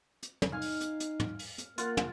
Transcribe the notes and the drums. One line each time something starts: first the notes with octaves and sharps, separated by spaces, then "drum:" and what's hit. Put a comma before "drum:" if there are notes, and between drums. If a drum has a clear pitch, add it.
drum: hi-hat
drum: tom
D#4 F5 G#5
drum: open hi-hat
drum: hi-hat
drum: hi-hat
drum: tom
drum: open hi-hat
drum: hi-hat
A#3 F4 F#5, drum: hi-hat
drum: tom